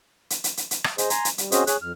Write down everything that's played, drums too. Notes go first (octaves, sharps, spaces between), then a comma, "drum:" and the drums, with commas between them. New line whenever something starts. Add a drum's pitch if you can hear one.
drum: hi-hat
drum: hi-hat
drum: hi-hat
drum: hi-hat
drum: rim click
G#4 C5 D#5, drum: hi-hat
G#5 A#5 C6, drum: hi-hat
drum: hi-hat
G3, drum: hi-hat
C4 C#4 F#4 G#4 C5 D#5, drum: hi-hat
G#4 C#5 F#6, drum: hi-hat
F2 F6